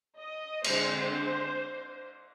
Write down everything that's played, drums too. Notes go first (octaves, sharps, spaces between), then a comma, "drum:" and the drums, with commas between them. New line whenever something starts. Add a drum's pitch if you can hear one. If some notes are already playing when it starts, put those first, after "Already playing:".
D#5
D3 G#3 C4 C5, drum: cymbal